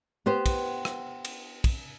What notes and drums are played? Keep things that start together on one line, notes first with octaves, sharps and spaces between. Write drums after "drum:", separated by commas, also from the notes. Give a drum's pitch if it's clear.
B3 G4 C5
drum: kick, cymbal
drum: rim click
drum: cymbal
drum: kick, cymbal